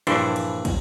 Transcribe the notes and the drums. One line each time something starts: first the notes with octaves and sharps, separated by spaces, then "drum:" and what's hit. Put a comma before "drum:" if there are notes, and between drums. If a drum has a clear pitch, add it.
A#1 G2 E3 D4 C5, drum: cymbal
drum: cymbal
drum: kick, cymbal